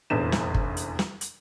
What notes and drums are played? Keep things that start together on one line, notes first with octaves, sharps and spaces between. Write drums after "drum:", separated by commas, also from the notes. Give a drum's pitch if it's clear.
F1 A#1 E2 B4 E7
drum: snare
drum: kick G1
drum: hi-hat
drum: snare
drum: hi-hat